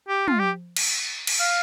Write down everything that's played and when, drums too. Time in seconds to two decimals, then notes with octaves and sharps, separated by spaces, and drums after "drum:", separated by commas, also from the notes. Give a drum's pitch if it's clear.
0.08 G4
0.28 F4, drum: tom
0.39 G4
0.76 drum: cymbal
1.27 drum: cymbal
1.40 F5